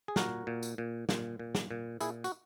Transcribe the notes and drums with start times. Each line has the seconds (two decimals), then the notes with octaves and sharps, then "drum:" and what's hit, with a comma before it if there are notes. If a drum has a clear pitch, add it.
0.08 G#4
0.16 A#2 F#4 A#4, drum: snare
0.47 A#2
0.63 drum: tambourine
0.78 A#2
1.09 A#2, drum: snare
1.39 A#2
1.55 drum: snare
1.71 A#2
2.01 A#2 E4 G#4, drum: tambourine
2.24 F#4, drum: tambourine